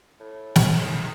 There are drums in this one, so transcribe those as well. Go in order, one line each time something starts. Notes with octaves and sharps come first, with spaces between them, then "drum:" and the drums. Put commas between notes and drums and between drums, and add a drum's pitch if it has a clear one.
A2
drum: snare
C3 D#3